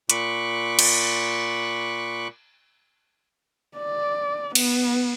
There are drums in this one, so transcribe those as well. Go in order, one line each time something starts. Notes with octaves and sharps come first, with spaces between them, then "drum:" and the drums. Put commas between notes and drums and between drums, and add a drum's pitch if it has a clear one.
A#2 B5 C#6 D6 F#6, drum: hi-hat
drum: cymbal
D5
B3, drum: cymbal